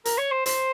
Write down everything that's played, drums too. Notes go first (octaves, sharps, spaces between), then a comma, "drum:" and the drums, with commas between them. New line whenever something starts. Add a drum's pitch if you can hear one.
A#4, drum: hi-hat
C#5
C5
C5, drum: hi-hat